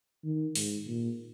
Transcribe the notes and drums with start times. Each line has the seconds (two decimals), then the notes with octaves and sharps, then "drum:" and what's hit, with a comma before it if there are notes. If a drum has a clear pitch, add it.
0.24 D#3
0.55 G#2, drum: open hi-hat
0.87 A#2